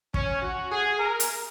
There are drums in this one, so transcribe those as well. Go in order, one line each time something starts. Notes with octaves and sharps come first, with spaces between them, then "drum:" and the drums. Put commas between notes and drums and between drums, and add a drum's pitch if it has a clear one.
C#4, drum: kick
F#4
G#4
A#4
drum: hi-hat